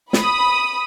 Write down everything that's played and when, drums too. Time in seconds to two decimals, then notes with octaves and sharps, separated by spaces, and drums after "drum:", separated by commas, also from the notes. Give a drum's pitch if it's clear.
0.13 B5 D#6, drum: snare